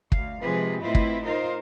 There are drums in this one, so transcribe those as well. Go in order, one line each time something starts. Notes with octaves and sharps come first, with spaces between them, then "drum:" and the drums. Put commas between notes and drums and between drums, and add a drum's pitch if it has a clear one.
D2 F5, drum: kick
C3 F3 G#3 G#4 B4
A2 C4 E4 F4 B4 D#5
drum: kick
D#4 F4 A#4 C5 F5